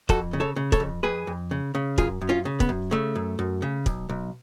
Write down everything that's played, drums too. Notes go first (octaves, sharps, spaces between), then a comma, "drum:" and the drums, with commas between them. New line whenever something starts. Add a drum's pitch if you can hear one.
F2 F#4 A4, drum: kick
C#3
A4 C#5
C#3
A4 C#5, drum: kick
F2
F2 G#4 B4
F2
C#3
C#3
F#2 F4 G#4, drum: kick
F#2
C#4 F4
C#3
B3, drum: kick
F#2
C#3 A3
F#2
F#2
C#3
B1, drum: kick
B1